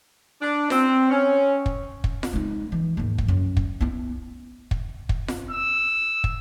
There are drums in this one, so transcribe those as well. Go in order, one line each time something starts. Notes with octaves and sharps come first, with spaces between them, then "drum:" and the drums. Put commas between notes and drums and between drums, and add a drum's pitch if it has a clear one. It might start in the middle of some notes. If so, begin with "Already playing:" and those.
D4
C4, drum: snare F4
C#4
drum: kick
drum: kick
drum: snare F4
G#3 D#4
E3
D#2 G#2
drum: kick
F#2
drum: kick
B3 E4
drum: kick
drum: kick
drum: snare F4
E6
drum: kick